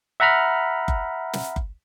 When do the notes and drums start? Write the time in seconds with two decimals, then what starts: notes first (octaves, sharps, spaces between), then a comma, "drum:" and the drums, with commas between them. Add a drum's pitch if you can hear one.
0.20 E5 F#5 A#5 B5 F6
0.88 drum: kick F#1
1.33 drum: snare
1.56 drum: kick F#1